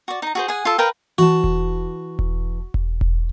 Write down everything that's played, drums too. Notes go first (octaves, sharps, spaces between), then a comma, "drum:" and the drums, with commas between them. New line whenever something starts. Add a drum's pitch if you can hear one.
F#4 D5
D#4 A#5
F#4 G#4 C5
G#4 F#5 G#5
F4 A4
A#4 B4 F5 G5
E3 F#4 A5
drum: kick E1
drum: kick E1
drum: kick E1
drum: kick E1